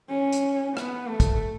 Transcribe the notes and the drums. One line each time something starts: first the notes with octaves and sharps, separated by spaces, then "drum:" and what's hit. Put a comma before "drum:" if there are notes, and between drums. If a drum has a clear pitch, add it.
C#4
drum: hi-hat
B3, drum: rim click
A3
drum: kick, hi-hat